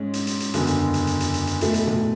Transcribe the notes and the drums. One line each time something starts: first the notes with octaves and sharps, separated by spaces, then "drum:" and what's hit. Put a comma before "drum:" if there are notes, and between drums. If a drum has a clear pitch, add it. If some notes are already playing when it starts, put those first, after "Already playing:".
Already playing: G#2 G#3 C#4
drum: hi-hat
drum: hi-hat
drum: hi-hat
F#1 E2 D3, drum: hi-hat
drum: hi-hat
drum: hi-hat
drum: hi-hat
drum: hi-hat
drum: hi-hat
drum: hi-hat
B2 A3 E4, drum: hi-hat
drum: hi-hat
drum: tom A#2